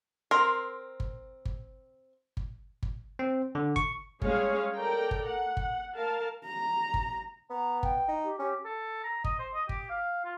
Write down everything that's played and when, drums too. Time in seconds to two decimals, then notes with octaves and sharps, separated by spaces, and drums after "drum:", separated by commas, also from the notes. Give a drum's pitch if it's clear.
0.31 C4 A#4 C6
1.00 drum: kick G1
1.45 drum: kick G1
2.37 drum: kick G1
2.83 drum: kick G1
3.19 C4
3.55 D3
3.76 C#6, drum: kick G1
4.22 G3 G#3 C#4 G#4 C#5 F5, drum: kick G1
4.76 A4 A#4 D5 G5 A#5
5.11 drum: kick G1
5.26 F#5
5.57 drum: kick G1
5.94 A#4 F5 A5
6.45 A#5
6.94 drum: kick G1
7.50 B3 A#5
7.83 G5, drum: kick G1
8.08 D#4
8.24 G4
8.39 C#4 G4
8.65 A4
9.04 A#5
9.24 D#5, drum: kick G1
9.39 C5
9.54 D#5
9.69 G4, drum: kick G1
9.90 F5
10.25 F4